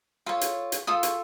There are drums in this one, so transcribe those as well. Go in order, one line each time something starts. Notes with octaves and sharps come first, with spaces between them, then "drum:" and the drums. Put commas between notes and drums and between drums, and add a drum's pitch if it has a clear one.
F4 A4 C#5
drum: hi-hat
drum: hi-hat
F4 A4 D#6
C#6, drum: hi-hat